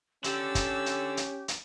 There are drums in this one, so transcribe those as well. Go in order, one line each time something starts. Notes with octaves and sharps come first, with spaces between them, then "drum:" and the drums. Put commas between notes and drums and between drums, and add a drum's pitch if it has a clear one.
D3 C#4 G4 E6 A6, drum: hi-hat
drum: kick G1, hi-hat
drum: hi-hat
drum: hi-hat
drum: hi-hat